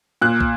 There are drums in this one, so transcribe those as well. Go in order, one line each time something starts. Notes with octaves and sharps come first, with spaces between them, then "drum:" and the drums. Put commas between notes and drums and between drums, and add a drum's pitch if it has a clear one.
A#2 F#6
drum: kick